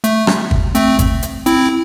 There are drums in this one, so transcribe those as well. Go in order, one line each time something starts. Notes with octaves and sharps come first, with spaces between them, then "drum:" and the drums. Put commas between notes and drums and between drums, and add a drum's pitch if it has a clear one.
A3, drum: hi-hat
drum: rim click
drum: kick G1
A3 C4, drum: hi-hat
drum: kick G1, hi-hat
drum: hi-hat
C4 E4, drum: hi-hat